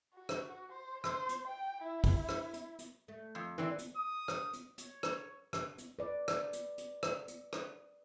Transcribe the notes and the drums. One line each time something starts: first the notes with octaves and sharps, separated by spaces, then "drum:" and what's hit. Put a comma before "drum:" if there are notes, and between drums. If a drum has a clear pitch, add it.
F#4
drum: rim click
C5
C5, drum: rim click
drum: hi-hat
G5
E4
drum: kick, open hi-hat
drum: rim click
drum: hi-hat
drum: hi-hat
A3
F2
E3 C4 D4 B4
drum: hi-hat
D#6
drum: rim click
drum: hi-hat
C#5, drum: hi-hat
drum: rim click
drum: rim click
drum: hi-hat
B4 D5
drum: rim click
drum: hi-hat
drum: hi-hat
drum: rim click
drum: hi-hat
drum: rim click